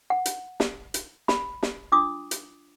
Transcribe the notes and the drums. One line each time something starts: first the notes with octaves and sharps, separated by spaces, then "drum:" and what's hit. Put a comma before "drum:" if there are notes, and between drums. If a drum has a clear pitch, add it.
F#5
drum: hi-hat
drum: snare
drum: hi-hat
B5, drum: snare
drum: snare
D4 F4 D6 D#6
drum: hi-hat